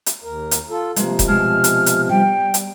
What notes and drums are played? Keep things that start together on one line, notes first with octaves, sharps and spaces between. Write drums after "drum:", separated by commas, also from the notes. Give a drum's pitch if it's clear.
drum: hi-hat
D#2 A#4
drum: hi-hat
F4 A4
C3 F3 G#3 A#3, drum: hi-hat
drum: kick E1, hi-hat
B2 G#3 A5 F6
drum: hi-hat
drum: hi-hat
G3 G5
drum: hi-hat